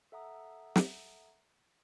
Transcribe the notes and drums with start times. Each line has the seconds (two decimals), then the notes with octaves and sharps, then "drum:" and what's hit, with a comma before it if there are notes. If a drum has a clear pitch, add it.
0.12 A4 E5 F#5 A#5 D#6
0.76 drum: snare